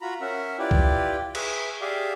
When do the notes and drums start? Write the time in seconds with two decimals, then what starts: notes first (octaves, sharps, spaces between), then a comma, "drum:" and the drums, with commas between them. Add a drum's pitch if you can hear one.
0.01 F4 F#4 A#5 B5
0.21 C#4 A#4 E5 F#5
0.59 E4 F4 G4 B4 D5 G5
0.71 drum: kick C2
1.35 G#4 B4 E5 C#6, drum: cymbal
1.81 G4 G#4 D5 E5 F5